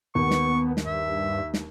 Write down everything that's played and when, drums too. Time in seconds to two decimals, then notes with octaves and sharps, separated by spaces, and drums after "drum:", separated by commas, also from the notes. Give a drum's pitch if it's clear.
0.15 D#2 B3 C#6
0.31 drum: snare
0.77 drum: snare
0.86 G2 E5
1.54 drum: snare